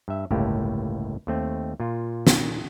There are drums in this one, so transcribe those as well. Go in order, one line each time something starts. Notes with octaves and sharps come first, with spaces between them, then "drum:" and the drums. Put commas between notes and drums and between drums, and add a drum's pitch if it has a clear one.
G2 E5
G1 C#2 A2 A3 A#3 G4
D#2 A3 C4
A#2 F4
drum: snare